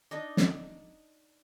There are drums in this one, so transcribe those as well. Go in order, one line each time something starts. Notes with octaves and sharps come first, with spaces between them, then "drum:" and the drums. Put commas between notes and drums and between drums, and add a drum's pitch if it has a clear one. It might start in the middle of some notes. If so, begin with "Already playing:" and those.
D4 D#4 D#5
drum: snare